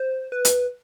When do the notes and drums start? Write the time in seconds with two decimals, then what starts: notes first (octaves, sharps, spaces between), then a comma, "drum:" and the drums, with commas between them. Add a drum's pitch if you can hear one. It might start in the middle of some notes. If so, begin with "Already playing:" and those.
Already playing: C5
0.32 B4
0.45 drum: hi-hat